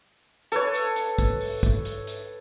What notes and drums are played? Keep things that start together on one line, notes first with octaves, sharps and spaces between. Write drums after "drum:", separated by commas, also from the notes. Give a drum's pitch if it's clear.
A4 B4 C#5, drum: hi-hat
drum: hi-hat
drum: hi-hat
drum: kick, hi-hat
drum: open hi-hat
drum: kick, hi-hat
drum: hi-hat
drum: hi-hat